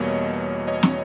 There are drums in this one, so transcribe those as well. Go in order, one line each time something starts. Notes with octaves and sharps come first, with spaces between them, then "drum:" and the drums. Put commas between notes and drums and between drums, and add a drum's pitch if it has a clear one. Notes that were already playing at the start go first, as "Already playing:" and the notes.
Already playing: E2 B2 G3 A#3 C#5 D#5
C#5 D#5
drum: snare